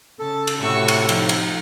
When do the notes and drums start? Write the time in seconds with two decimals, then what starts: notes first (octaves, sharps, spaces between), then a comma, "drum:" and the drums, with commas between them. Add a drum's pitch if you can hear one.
0.19 C#3 A4 A5
0.47 drum: cymbal
0.61 A2 C3 F#4 C#6 E6
0.88 drum: cymbal
1.09 F3 D#4, drum: cymbal
1.29 drum: cymbal